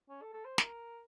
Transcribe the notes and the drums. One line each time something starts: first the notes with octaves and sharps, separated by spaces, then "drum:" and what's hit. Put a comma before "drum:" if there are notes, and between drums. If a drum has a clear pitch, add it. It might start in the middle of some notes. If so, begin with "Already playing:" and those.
C#4
A4
A4
C5
A#4, drum: snare